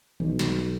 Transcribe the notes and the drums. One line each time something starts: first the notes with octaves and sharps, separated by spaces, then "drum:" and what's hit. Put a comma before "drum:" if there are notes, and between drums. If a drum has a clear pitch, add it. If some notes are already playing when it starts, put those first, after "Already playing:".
B1, drum: tom D#3
drum: snare